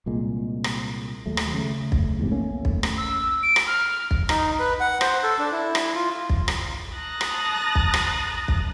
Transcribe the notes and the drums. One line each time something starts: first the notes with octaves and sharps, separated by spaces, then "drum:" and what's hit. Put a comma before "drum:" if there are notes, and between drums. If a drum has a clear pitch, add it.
C2 A#2 G#3
drum: rim click
D#2 F#3 A3
drum: rim click
C#3 A3
drum: kick
E2 G#2 C3
A3 A#3 C#4
drum: kick
drum: rim click
E6
D7
drum: rim click
F6
drum: kick
D#4, drum: rim click
B4
F#5
C5, drum: rim click
A4
D4
E4
drum: rim click
F4
drum: kick
drum: rim click
A5 A#5 D#6 F#6 A6 A#6
drum: rim click
drum: kick
drum: rim click
drum: kick